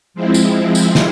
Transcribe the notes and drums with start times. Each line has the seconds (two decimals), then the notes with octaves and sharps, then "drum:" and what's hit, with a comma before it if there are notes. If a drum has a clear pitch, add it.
0.14 F3 G#3 C4 E4
0.34 drum: tambourine
0.75 drum: tambourine
0.95 drum: snare